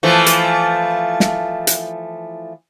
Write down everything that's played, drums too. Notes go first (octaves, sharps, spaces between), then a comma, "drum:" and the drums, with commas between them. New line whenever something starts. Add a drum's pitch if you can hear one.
E3 F3 A3
drum: hi-hat
drum: snare
drum: hi-hat